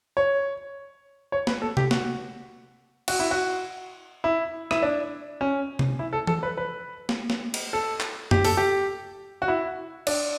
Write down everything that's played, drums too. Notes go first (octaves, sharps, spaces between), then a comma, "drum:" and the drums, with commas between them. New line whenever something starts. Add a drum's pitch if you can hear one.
C#5
C#5
B4, drum: snare
A4
G4, drum: tom C3
F#4, drum: snare
F#4, drum: cymbal
E4
F#4
E4
E4, drum: rim click
D4
C#4
drum: tom C3
E4
A4
A4, drum: tom E3
B4
B4
drum: snare
drum: snare
drum: cymbal
A4
drum: clap
G4, drum: tom F#2
A4, drum: open hi-hat
G4
F#4
E4
D4, drum: cymbal